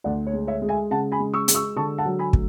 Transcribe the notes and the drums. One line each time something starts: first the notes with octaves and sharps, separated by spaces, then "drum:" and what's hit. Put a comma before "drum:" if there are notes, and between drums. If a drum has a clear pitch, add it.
D2 D5 F#5
C#5
G#3
C#5 E5
G#3
E5 G#5
C#3 F#5 A5
G#5 B5
G#3
C#6 E6
G#3, drum: hi-hat
C#6 E6
D3 A5 C#6
F#5 A5
F#3
G#5 B5
A3, drum: kick